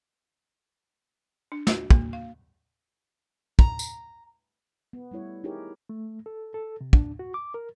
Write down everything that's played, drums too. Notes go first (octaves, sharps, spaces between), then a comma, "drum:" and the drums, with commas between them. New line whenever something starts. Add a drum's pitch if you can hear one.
D4
F#4, drum: snare
A#3, drum: kick
F5
A#5, drum: kick
drum: tambourine
B3
G3 A3 E4 C#5
D#4 E4 G4 G#4 A#4 C#5
A3
A4
A4
C3
D4, drum: kick
F#4
D6
A#4